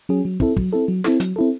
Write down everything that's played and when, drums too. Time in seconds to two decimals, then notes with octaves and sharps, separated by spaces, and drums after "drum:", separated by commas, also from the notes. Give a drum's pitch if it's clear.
0.09 F#3 C#4 G#4
0.25 F#3
0.40 C4 E4 A4, drum: kick
0.57 F#3, drum: kick
0.73 C4 E4 A4
0.88 F#3
1.04 C4 E4 A4, drum: snare
1.20 F#3, drum: hi-hat
1.36 C4 E4 A4